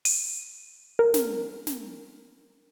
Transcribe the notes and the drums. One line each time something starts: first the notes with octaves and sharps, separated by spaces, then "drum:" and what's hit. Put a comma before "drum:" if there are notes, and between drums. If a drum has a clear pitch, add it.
D#7, drum: open hi-hat
A#4
drum: snare
drum: snare